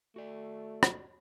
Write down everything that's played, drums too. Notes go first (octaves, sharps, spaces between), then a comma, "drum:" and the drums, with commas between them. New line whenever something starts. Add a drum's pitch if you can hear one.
A3 F#4 D5
drum: rim click